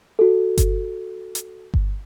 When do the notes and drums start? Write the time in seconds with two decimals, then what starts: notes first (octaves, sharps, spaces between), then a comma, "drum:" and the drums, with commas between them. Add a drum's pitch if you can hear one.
0.19 F#4 A4
0.58 drum: kick G1, hi-hat
1.35 drum: hi-hat
1.74 drum: kick G1